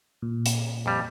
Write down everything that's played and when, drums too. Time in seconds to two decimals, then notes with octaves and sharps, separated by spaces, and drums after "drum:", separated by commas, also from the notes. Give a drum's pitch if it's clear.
0.22 A#2
0.46 drum: hi-hat
0.86 F2 G3